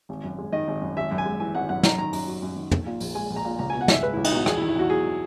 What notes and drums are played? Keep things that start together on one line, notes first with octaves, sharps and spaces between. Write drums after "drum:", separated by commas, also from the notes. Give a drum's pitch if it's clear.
G#1
F#2
G#3
D#3 D#5
G#1
F#2
G#1 E5
F#2
G#5
G#3
E3 G#5
G#1 F#5
F#2 F#5
F#2 A#5, drum: snare
D#3 A#5
F#2 A#5, drum: open hi-hat
F#3
F#2
D#3
A#1, drum: tom
A#2
A#1, drum: open hi-hat
G#3 G#5
A#1
A#5
A#2
C#2 A#5
G#5
B2
F#5
C#2 E5, drum: snare
G#3 B4
E4
C#2
D#4, drum: cymbal
B2 F#4
E2 G#4, drum: rim click
E4
D#3
E4
E2 F#4
F#3 G#4